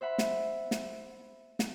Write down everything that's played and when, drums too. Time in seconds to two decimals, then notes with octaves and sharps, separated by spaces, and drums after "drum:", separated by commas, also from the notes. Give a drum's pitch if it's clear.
0.01 C5 E5 F#5 B5
0.18 drum: snare
0.71 drum: snare
1.59 drum: snare